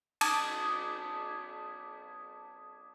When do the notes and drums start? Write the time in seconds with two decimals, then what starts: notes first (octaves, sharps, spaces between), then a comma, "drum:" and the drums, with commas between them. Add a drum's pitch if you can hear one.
0.21 A5 D6 D#6 G#6, drum: cymbal